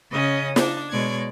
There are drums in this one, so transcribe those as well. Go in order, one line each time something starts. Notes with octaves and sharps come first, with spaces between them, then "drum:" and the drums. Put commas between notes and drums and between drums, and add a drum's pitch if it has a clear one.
C#3 C#4 D#5 D#6
D4 D#4, drum: snare
B2 G#3 C#5 D5 G#6